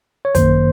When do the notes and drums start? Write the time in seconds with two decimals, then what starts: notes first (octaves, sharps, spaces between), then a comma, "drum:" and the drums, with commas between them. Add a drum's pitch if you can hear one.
0.25 C#5
0.35 F#2 D#3 A#3 C5, drum: kick, hi-hat